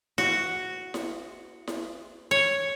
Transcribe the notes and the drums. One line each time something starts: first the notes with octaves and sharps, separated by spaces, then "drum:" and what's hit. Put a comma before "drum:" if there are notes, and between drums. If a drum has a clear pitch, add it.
F#4, drum: snare E4
drum: snare E4
drum: snare E4
C#5